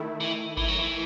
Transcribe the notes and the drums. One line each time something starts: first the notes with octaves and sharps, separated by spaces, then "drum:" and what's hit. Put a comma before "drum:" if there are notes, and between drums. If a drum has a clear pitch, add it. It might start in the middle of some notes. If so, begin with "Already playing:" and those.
Already playing: D#3 A3 E4
E3
E3, drum: kick G1
F#3
E3